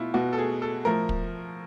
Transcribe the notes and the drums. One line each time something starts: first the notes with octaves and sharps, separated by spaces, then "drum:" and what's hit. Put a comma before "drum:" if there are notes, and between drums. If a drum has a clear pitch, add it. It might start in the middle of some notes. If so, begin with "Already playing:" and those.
Already playing: B2 E4 F4
B2 F#4
A4
G#4
A4
A2 F3 A#4
drum: kick